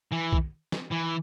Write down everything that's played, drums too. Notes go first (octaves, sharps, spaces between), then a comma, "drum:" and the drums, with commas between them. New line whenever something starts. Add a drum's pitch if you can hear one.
E3
drum: kick B1
drum: snare
E3